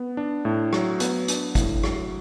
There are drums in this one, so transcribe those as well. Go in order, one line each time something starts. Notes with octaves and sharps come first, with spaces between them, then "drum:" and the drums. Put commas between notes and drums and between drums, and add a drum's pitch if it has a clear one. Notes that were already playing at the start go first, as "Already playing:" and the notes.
Already playing: B3
D4
A2
F#3, drum: rim click
B3, drum: hi-hat
D4, drum: hi-hat
A2, drum: kick, hi-hat
F#3, drum: rim click